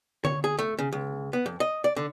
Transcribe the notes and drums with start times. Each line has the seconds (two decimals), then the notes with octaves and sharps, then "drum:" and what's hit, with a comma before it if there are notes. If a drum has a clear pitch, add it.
0.25 C#5, drum: tom D3
0.44 G#4
0.59 A3
0.79 C#3
0.93 C#2
1.33 B3
1.46 F2
1.60 D#5
1.84 D5
1.96 D3